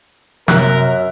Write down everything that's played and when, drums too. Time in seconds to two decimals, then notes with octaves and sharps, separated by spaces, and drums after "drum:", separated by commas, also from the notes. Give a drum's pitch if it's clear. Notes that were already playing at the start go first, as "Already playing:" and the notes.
0.48 F#2 C3 A#4 E5 F#6, drum: snare